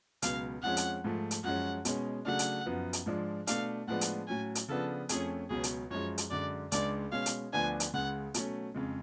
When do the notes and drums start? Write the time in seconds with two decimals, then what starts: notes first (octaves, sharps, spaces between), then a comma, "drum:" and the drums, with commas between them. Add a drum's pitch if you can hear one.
0.22 C#2 B2 F#3 F5, drum: hi-hat
0.63 F2 F3 G#3 C#4 F#5
0.77 drum: hi-hat
1.04 G#2 F3 A3
1.31 drum: hi-hat
1.44 F#2 F3 G#3 C#4 F#5
1.85 B2 G#3 C#4, drum: hi-hat
2.25 C#3 F#3 A3 D4 F#5
2.39 drum: hi-hat
2.66 F#2 F3 B3
2.93 drum: hi-hat
3.06 G#2 F3 G#3 D4
3.47 B2 A3 D4 F5, drum: hi-hat
3.87 A2 F3 G#3 B3 D4 F#5
4.01 drum: hi-hat
4.28 A2 F#3 C#4 G#5
4.55 drum: hi-hat
4.68 C#3 F3 B3 D4 A4
5.09 F2 F3 A3 C#4 G#4, drum: hi-hat
5.50 C#2 B2 F#3 C#4 G#4
5.64 drum: hi-hat
5.91 F#2 F3 G#3 C#5
6.18 drum: hi-hat
6.31 F#2 D3 G#3 D5
6.72 C#2 C#3 G#3 D4 D5, drum: hi-hat
7.12 B2 G#3 C#4 F5
7.26 drum: hi-hat
7.53 D2 D3 F3 B3 D4 G#5
7.80 drum: hi-hat
7.93 C#2 C#3 G#3 F#5
8.34 B2 F#3 A3 C#4, drum: hi-hat
8.74 F2 C#3 G#3